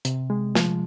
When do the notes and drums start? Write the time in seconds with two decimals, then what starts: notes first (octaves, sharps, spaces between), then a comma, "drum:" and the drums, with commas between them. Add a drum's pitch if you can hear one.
0.05 C3, drum: hi-hat
0.30 G#3
0.55 F3, drum: snare